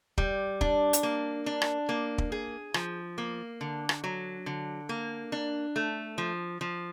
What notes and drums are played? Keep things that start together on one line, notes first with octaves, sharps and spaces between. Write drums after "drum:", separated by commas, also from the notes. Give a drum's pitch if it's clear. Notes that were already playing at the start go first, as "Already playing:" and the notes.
G3, drum: kick
D4, drum: kick
drum: hi-hat
A#3
D4
drum: rim click
A#3
drum: kick
G#4
F3, drum: rim click
A#3
D3
drum: rim click
F#3
D3
A#3
D4
A3
F3
F3